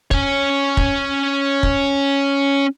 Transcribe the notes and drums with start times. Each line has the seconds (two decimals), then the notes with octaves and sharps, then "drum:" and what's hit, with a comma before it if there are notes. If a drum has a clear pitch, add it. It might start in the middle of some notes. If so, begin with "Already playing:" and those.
0.11 C#4 C#5, drum: kick
0.77 drum: kick
1.63 drum: kick